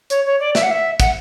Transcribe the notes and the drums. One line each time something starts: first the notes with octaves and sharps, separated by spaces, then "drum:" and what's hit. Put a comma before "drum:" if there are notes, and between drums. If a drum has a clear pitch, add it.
C#5, drum: hi-hat
C#5
D5
E5, drum: snare
F#5
E5
F#5, drum: kick, hi-hat